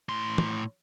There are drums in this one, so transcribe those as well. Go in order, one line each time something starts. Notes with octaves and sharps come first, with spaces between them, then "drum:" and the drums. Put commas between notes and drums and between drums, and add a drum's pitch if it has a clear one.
A2 C6
drum: tom